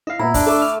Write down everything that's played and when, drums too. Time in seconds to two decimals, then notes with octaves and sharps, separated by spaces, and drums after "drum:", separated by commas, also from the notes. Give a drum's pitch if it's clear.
0.07 E4 D#5 F5
0.19 A#2 B3 E4 A#5
0.34 D4, drum: kick, open hi-hat
0.47 A3 A4 D6
0.62 F6